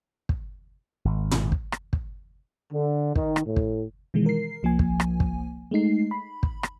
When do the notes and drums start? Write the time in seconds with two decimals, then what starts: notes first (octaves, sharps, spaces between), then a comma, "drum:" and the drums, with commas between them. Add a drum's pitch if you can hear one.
0.29 drum: kick
1.05 G#1
1.31 drum: tom
1.52 drum: kick
1.72 drum: rim click
1.93 drum: kick
2.73 D3
3.16 D#3, drum: kick
3.36 drum: rim click
3.46 A2
3.56 drum: kick
4.14 B2 D#3 E3 G#3
4.26 A#4 C7
4.63 C2 F3 A#3 G#5
4.79 drum: kick
5.00 drum: rim click
5.20 drum: kick
5.71 G#3 A3 D#4 C7
6.11 B5
6.43 drum: kick
6.63 drum: rim click